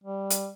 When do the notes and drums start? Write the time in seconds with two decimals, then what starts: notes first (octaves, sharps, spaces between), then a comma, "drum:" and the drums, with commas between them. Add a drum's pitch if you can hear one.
0.04 G3
0.31 drum: hi-hat